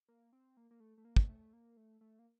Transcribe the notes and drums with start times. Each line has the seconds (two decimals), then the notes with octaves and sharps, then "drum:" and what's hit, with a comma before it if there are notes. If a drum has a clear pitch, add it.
0.08 A#3
0.33 C4
0.57 A#3
0.71 A#3
0.80 A3
0.98 A3
1.05 A#3
1.16 drum: kick
1.29 A3
1.53 A#3
1.77 A3
2.01 A3
2.19 A#3